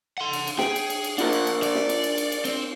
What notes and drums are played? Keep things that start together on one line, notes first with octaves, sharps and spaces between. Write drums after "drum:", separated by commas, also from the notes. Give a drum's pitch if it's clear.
F#5 C6
drum: cymbal
drum: cymbal
G#4 G5, drum: snare
drum: cymbal
drum: cymbal
drum: cymbal
D4 F4 A#4 F#5, drum: cymbal
drum: cymbal
drum: cymbal
D5, drum: cymbal
drum: snare
drum: cymbal
drum: cymbal
drum: cymbal
drum: cymbal
C4, drum: cymbal